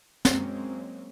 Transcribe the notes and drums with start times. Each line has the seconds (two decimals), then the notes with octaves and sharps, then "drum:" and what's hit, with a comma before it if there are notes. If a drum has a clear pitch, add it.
0.25 F#3 G#3 A#3 C4 C#4, drum: snare